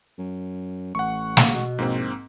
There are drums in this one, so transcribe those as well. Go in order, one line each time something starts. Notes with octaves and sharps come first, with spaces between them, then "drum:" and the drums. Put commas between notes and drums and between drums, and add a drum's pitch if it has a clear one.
F#2
A1 F#5 C#6
A#3, drum: snare
B2
A#1 G#2 A#3 C4